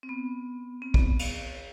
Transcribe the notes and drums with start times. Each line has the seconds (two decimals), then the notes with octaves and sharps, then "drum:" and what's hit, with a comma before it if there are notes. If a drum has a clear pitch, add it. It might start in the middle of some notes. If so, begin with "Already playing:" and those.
0.03 C4
0.09 B3
0.82 C4
0.94 B3, drum: kick
1.19 drum: cymbal